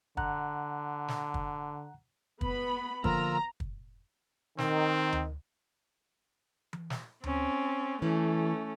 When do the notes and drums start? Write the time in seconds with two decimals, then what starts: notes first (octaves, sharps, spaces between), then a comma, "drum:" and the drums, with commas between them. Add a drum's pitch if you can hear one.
0.17 D3 F#5 A#5 F#6, drum: kick
1.08 drum: snare
1.34 drum: kick
2.41 B3 B5, drum: kick
3.04 D3 F3 A#3 F4 A#4 A#5 E6, drum: kick
3.60 drum: kick
4.58 D#3 C4, drum: snare
5.12 drum: tom D2
6.73 drum: tom E3
6.90 drum: snare
7.24 C4 C#4, drum: tom D2
8.02 E3 A3 C#4